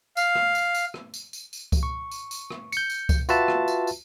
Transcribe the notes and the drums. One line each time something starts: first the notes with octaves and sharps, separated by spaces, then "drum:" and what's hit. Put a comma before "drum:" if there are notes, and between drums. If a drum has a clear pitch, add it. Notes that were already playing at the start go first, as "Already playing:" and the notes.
F5, drum: tambourine
drum: rim click
drum: tambourine
drum: tambourine
drum: rim click
drum: tambourine
drum: tambourine
drum: tambourine
drum: kick C#2, tambourine
C#6
drum: tambourine
drum: tambourine
drum: rim click
G6 C#7, drum: tambourine
drum: tambourine
drum: kick C#2, tambourine
F4 F#4 B4 E5 A5, drum: tambourine
drum: rim click
drum: tambourine
drum: tambourine